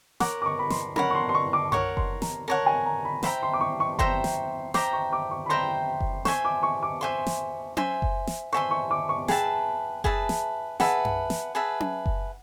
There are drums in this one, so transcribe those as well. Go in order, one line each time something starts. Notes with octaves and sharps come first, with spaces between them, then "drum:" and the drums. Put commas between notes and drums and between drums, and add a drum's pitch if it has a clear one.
A#4 C#5 F#5 D6, drum: snare
D6
C#6
B5
C6, drum: snare
A#4 C#5 F#5 B5, drum: tom C#4
C#6
C6
C6
C#6
D6
A#4 C#5 F#5 C#6, drum: tom F#2
C6, drum: kick F#1
A#5, drum: snare
A#4 C#5 F#5 A5
G#5
A#5
B5
C5 E5 G5 A#5 B5, drum: snare
C6
D6
C#6
C#6
C5 E5 G5 A#5 C6, drum: kick F#1
drum: snare
C5 E5 G5 A#5 D6, drum: snare
C#6
D6
C#6
B5
C5 E5 G5 A#5 C6
drum: kick F#1
C5 E5 G#5 C6 C#6, drum: snare
D6
C#6
D6
C5 E5 G#5 C6
drum: snare
C5 E5 G#5 C6, drum: tom C#4
drum: kick F#1
drum: snare
C5 E5 G#5 C6 C#6
C#6
D6
C#6
G#4 B4 E5 G5 A5, drum: snare
G#4 B4 E5 A5, drum: kick F#1
drum: snare
G#4 B4 E5 F#5 A5, drum: snare
drum: tom F#2
drum: snare
G#4 B4 E5 A5
drum: tom C#4
drum: kick F#1